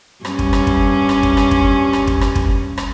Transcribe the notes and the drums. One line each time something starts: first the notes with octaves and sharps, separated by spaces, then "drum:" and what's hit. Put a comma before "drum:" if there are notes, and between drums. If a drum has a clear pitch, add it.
G2 C#4, drum: rim click
drum: kick
drum: rim click
drum: kick
drum: rim click
drum: kick
drum: rim click
drum: kick
drum: rim click
drum: kick
drum: rim click
drum: kick
drum: rim click